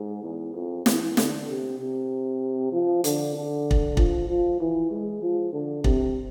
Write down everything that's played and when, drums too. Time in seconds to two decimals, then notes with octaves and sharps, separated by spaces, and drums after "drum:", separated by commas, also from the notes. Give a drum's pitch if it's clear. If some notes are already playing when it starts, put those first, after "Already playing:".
Already playing: G#2
0.23 E2
0.54 F2
0.86 E3, drum: snare
1.17 D3, drum: snare
1.48 C3
1.79 C3
2.72 F3
3.04 D3, drum: hi-hat
3.35 D3
3.71 drum: kick
3.97 F3, drum: kick
4.28 F3
4.60 E3
4.91 G#3
5.22 F3
5.53 D3
5.84 C3, drum: kick